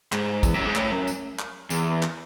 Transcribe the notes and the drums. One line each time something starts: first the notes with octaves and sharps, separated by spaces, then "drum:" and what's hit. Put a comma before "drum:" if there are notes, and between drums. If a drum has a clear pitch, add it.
G#2, drum: clap
E2, drum: kick, tambourine
F#2
G#2
A2, drum: clap
F#2
drum: tambourine
drum: clap
E2, drum: tambourine
drum: clap